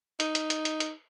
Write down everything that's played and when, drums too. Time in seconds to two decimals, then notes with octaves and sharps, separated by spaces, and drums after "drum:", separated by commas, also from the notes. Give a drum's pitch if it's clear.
0.20 D#4, drum: hi-hat
0.35 drum: hi-hat
0.50 drum: hi-hat
0.65 drum: hi-hat
0.80 drum: hi-hat